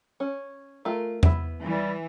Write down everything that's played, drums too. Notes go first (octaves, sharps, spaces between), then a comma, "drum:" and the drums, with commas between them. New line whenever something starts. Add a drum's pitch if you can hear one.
C#4
A3 F4 A#4
B3 E4, drum: tom E2
E3 G3